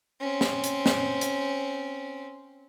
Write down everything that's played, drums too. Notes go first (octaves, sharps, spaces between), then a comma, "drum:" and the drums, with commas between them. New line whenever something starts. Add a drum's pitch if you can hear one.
C4 C#4
drum: snare
drum: hi-hat
drum: snare
drum: hi-hat